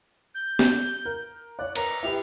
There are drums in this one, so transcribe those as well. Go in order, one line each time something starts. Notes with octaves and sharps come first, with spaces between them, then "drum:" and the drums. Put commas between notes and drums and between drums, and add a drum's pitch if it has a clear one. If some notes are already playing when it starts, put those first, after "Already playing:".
G6
drum: snare
A#4
C#5 D5 F#6
A#4 B4 A#5, drum: cymbal
E4 G4 B4 F7